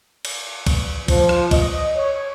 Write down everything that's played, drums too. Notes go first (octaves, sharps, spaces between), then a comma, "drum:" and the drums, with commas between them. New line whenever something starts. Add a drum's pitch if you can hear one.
drum: cymbal
drum: kick C2, cymbal
F3, drum: kick C2, cymbal
drum: rim click
D#5, drum: kick C2, cymbal
C#5